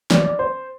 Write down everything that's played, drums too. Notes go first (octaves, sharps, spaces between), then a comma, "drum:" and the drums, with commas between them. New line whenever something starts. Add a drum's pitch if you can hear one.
D5, drum: snare
D5
C5